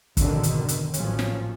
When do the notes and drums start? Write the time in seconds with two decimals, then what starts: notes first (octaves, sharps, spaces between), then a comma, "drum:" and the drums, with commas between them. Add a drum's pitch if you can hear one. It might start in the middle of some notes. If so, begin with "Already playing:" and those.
0.17 G#1 F2 B2 D3 D#3, drum: kick, hi-hat
0.43 drum: hi-hat
0.69 drum: hi-hat
0.94 A1 A#2 F3 F#3 C#4, drum: hi-hat
1.19 drum: snare